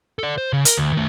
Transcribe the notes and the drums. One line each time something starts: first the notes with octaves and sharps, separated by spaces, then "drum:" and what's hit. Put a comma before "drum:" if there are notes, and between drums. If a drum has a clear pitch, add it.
A4 D5
C5
C#3
A#4, drum: hi-hat
D2
D#3 A3